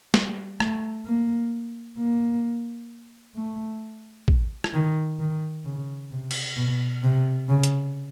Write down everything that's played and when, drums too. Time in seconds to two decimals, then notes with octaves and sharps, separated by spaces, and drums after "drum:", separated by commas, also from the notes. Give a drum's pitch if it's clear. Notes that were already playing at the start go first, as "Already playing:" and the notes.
0.14 G3, drum: snare
0.60 A3, drum: rim click
1.06 A#3
1.98 A#3
3.35 A3
4.28 drum: kick
4.64 drum: rim click
4.74 D#3
5.19 D#3
5.65 C#3
6.12 C3
6.31 drum: cymbal
6.56 B2
7.03 C3
7.49 C#3
7.63 drum: hi-hat